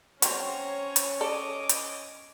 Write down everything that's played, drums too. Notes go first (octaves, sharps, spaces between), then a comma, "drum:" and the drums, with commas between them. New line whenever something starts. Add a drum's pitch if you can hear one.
F#3 C4 C#4 C5 C#5 A#5, drum: hi-hat
drum: hi-hat
A4 D5 D#5 D6
drum: hi-hat